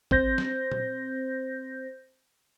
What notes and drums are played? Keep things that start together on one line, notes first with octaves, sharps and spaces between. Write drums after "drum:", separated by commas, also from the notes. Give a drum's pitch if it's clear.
C4 C5 G6 A#6, drum: kick
drum: snare
drum: tom A#2